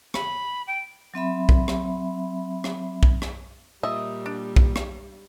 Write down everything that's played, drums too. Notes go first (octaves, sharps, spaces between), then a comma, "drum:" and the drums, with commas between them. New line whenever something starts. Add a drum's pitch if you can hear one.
B5, drum: rim click
G5
F#3 C4 E5 B5
drum: kick B1
drum: rim click
drum: rim click
drum: kick B1
drum: rim click
A#2 G3 D#5 E5
D4
drum: kick B1
drum: rim click